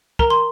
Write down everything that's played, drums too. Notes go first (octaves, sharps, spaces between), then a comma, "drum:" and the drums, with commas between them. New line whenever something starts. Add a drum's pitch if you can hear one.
A#4 A#5, drum: kick
C6